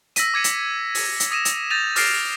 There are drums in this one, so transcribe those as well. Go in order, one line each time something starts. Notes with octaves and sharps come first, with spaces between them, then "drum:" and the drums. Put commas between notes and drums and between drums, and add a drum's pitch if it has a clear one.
E6 A#6 B6 D#7, drum: hi-hat
D6 G#6 C#7 D#7
drum: hi-hat
drum: open hi-hat
drum: hi-hat
D#6 A#6 D#7 E7
drum: hi-hat
G6 A6 A#6 D#7 F7
D6 F6 A6 A#6 C7 D7, drum: open hi-hat